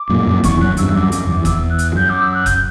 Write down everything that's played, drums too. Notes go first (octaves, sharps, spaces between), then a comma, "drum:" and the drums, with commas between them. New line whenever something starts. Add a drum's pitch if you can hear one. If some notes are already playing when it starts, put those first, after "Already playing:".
Already playing: D6
F#2 A#2
F#2
E2 C#6, drum: kick F#1, hi-hat
F#2 F#6
E2 G2 E6, drum: hi-hat
F#2 D6
F#2, drum: hi-hat
D6
E2
E2 E6, drum: kick F#1, hi-hat
F#6
drum: hi-hat
F#2 G6
D6
E6
F#6
G6, drum: kick F#1, hi-hat